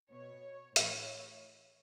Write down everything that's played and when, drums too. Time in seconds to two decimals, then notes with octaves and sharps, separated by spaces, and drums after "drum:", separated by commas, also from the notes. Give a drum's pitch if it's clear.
0.11 B2 C#5
0.76 A2 E3 C#5, drum: hi-hat